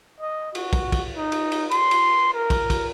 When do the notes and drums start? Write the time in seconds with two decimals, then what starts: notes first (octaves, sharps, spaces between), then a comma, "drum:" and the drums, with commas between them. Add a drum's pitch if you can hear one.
0.20 D#5
0.55 F#4, drum: cymbal
0.73 drum: kick, cymbal
0.92 drum: kick, cymbal
1.16 D#4
1.32 drum: cymbal
1.52 drum: cymbal
1.71 C6, drum: cymbal
1.91 drum: cymbal
2.34 A#4
2.50 drum: kick, cymbal
2.70 drum: kick, cymbal